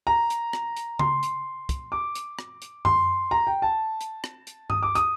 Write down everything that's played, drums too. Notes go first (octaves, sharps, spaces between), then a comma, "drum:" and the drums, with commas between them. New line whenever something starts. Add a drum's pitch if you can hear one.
A#5
drum: hi-hat
drum: rim click
drum: hi-hat
C6, drum: tom C#3
drum: hi-hat
drum: kick, hi-hat
D6
drum: hi-hat
drum: rim click
drum: hi-hat
C6, drum: tom F#2
A#5
G5
A5
drum: hi-hat
drum: rim click
drum: hi-hat
D#6, drum: tom G2
D6
D#6, drum: hi-hat